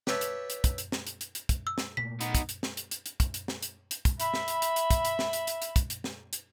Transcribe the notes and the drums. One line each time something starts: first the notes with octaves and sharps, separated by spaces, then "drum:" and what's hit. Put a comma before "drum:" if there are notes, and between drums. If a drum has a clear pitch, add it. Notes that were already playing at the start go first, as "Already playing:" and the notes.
G4 B4 C#5 E5 A5, drum: snare
drum: hi-hat
drum: hi-hat
drum: kick, hi-hat
drum: hi-hat
drum: snare
drum: hi-hat
drum: hi-hat
drum: hi-hat
drum: kick, hi-hat
E6
drum: snare
A#2 A3 A#3 B6
B3 D#4, drum: hi-hat
drum: kick, hi-hat
drum: hi-hat
drum: snare
drum: hi-hat
drum: hi-hat
drum: hi-hat
drum: kick, hi-hat
drum: hi-hat
drum: snare
drum: hi-hat
drum: hi-hat
drum: kick, hi-hat
E5 B5, drum: hi-hat
drum: snare
drum: hi-hat
drum: hi-hat
drum: hi-hat
drum: kick, hi-hat
drum: hi-hat
drum: snare
drum: hi-hat
drum: hi-hat
drum: hi-hat
drum: kick, hi-hat
drum: hi-hat
drum: snare
drum: hi-hat